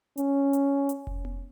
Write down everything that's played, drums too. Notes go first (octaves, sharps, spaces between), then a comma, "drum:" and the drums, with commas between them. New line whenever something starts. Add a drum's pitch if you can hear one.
C#4, drum: hi-hat
drum: hi-hat
drum: hi-hat
drum: kick F1
drum: tom B3